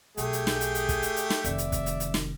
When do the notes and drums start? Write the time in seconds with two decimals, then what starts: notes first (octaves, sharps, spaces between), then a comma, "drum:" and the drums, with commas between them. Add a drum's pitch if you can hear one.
0.17 B1 A3 G4 G#4, drum: hi-hat
0.33 drum: hi-hat
0.47 drum: snare
0.61 drum: hi-hat
0.75 drum: hi-hat
0.89 drum: kick, hi-hat
1.03 drum: hi-hat
1.16 drum: hi-hat
1.30 drum: snare
1.44 F1 D#3 D5 E5, drum: hi-hat
1.58 drum: hi-hat
1.72 drum: kick, hi-hat
1.86 drum: hi-hat
2.00 drum: hi-hat
2.14 drum: snare